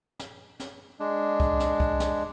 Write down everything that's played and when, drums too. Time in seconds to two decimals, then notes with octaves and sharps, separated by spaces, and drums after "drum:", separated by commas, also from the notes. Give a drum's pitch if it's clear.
0.19 drum: snare
0.60 drum: snare
1.00 G#3 D4
1.40 drum: kick C2
1.60 drum: snare
1.80 drum: kick C2
2.00 drum: snare